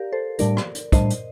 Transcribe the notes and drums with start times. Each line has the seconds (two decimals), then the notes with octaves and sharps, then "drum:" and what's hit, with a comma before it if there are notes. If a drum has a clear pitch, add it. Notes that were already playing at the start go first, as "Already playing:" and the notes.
Already playing: G4 A#4 D5 F5
0.12 A4 C5
0.39 A2 G3 D4 A#4 D5, drum: hi-hat
0.57 drum: rim click
0.75 drum: hi-hat
0.92 A2 G3 D4 C5 D#5, drum: kick, hi-hat
1.10 drum: hi-hat